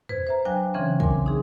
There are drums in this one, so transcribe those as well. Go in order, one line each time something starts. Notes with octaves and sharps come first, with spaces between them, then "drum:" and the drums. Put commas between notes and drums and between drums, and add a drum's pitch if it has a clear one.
B4 C5 G#6, drum: tom E2
C5 E5 A#5
F#3 D4 F5 G5 G#5 F#6
C#3 E3 C4 C#4
A#4 G#5 C6 D6, drum: kick
D#4 G#4